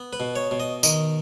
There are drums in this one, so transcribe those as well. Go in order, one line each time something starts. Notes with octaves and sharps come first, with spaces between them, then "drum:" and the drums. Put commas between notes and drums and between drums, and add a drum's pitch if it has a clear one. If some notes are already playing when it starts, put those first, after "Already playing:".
Already playing: B3
B4
B2
C#5
B2
D#5
D#3 D#5, drum: tambourine